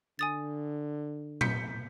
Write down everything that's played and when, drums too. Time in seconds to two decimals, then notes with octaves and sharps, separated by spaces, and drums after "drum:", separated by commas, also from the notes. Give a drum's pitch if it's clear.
0.19 D3 G#5 D#6 A6
1.41 G6 B6 C#7, drum: tom A#2